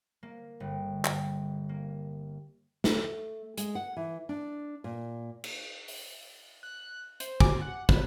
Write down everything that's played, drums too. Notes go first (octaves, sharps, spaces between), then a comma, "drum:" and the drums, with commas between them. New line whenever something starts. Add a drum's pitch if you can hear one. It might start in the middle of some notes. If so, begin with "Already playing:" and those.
A#3
G1
G1, drum: clap
A#3
A3, drum: snare
G#3, drum: hi-hat
F#5
E3
D4
A#2
drum: cymbal
drum: open hi-hat
F#6
C5, drum: hi-hat
G#5 D6, drum: kick
F#5
B4, drum: kick